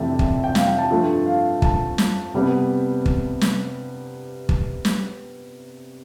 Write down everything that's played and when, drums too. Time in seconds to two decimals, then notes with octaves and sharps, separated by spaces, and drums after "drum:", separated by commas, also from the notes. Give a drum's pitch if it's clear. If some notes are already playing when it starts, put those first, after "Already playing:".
Already playing: F2 C3 E3 A3 D4 E5 G5 A5
0.19 drum: kick
0.44 G5
0.55 F5, drum: snare
0.67 G5
0.79 A5
0.91 G2 F3 A3
1.26 F5
1.62 A5, drum: kick
1.98 drum: snare
2.34 C3 G3 B3
3.06 drum: kick
3.41 drum: snare
4.49 drum: kick
4.85 drum: snare